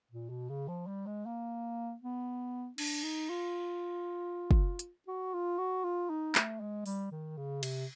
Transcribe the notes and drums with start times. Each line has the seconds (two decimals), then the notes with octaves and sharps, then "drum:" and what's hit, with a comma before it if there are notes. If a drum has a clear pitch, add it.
0.11 A#2
0.29 B2
0.49 C#3
0.68 F3
0.87 G3
1.06 G#3
1.26 A#3
2.02 B3
2.78 D4, drum: cymbal
3.04 D#4
3.30 F4
4.51 drum: kick
4.79 drum: hi-hat
5.08 F#4
5.34 F4
5.58 F#4
5.84 F4
6.10 D#4
6.35 A3, drum: clap
6.60 G#3
6.86 G3, drum: open hi-hat
7.12 D#3
7.37 C#3
7.63 C3, drum: cymbal